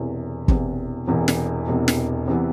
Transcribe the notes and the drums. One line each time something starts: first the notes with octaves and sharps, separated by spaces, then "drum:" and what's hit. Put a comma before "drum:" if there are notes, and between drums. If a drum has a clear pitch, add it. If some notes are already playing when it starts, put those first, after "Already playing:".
Already playing: E1 E2 C3 E3
E1 E2 C3 E3, drum: kick
E1 E2 C3 E3
drum: snare
E1 E2 C3 E3
drum: snare
E2 C3 E3 B3